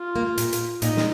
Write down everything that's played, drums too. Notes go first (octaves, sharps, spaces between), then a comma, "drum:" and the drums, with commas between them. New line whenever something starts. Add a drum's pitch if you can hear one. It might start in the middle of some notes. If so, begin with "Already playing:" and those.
Already playing: F4
A#3
A#2, drum: hi-hat
drum: hi-hat
A#2 D#4, drum: hi-hat
drum: snare